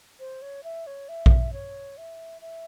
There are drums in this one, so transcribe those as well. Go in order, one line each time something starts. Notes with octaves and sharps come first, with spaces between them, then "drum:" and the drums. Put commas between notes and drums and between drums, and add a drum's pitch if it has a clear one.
C5
C#5
E5
C#5
E5
drum: kick A#1
C#5
E5
E5